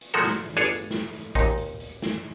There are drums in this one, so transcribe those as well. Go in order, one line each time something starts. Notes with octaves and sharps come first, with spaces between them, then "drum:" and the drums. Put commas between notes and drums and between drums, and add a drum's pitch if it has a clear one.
drum: hi-hat
A#2 F3 G#3 A3 F#4 A4
drum: snare
drum: hi-hat
G1 D4 G#4 A4 C#5 F5
drum: hi-hat
drum: snare
drum: hi-hat
D#2 A#2 D#4, drum: kick A1, hi-hat
drum: hi-hat
drum: hi-hat
drum: snare